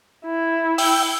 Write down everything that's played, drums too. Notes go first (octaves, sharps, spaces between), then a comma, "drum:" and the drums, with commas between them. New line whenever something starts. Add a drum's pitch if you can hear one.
E4
G5 E6, drum: open hi-hat